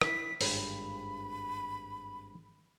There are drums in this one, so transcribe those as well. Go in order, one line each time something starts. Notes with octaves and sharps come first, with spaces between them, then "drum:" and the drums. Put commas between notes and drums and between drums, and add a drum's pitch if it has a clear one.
E4 B6, drum: rim click
G#1 G2 A#5 B5, drum: open hi-hat